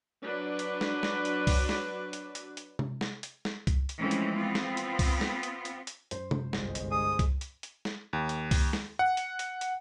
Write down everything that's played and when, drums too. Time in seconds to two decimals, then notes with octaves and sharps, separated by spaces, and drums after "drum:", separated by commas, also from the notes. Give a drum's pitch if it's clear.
0.22 F#3 D4 B4
0.59 drum: hi-hat
0.81 drum: snare
1.03 drum: snare
1.25 drum: hi-hat
1.47 drum: kick C2, open hi-hat
1.69 drum: snare
2.13 drum: hi-hat
2.35 drum: hi-hat
2.57 drum: hi-hat
2.79 drum: tom C3
3.01 drum: snare
3.23 drum: hi-hat
3.45 drum: snare
3.67 drum: kick C2, hi-hat
3.89 drum: hi-hat
3.99 E3 F3 G#3 A3 C4 C#4
4.11 drum: hi-hat
4.38 B3 C4 F4
4.55 drum: snare
4.77 drum: hi-hat
4.99 drum: kick C2, open hi-hat
5.21 drum: snare
5.43 drum: hi-hat
5.65 drum: hi-hat
5.87 drum: hi-hat
6.11 F#2 C5, drum: hi-hat
6.31 drum: tom C3
6.53 G1 C2 G#3, drum: snare
6.75 drum: hi-hat
6.91 G#4 D#6
7.19 drum: kick C2, hi-hat
7.41 drum: hi-hat
7.63 drum: hi-hat
7.85 drum: snare
8.13 D#2
8.29 drum: hi-hat
8.51 drum: kick C2, open hi-hat
8.73 drum: snare
8.99 F#5
9.17 drum: hi-hat
9.39 drum: hi-hat
9.61 drum: hi-hat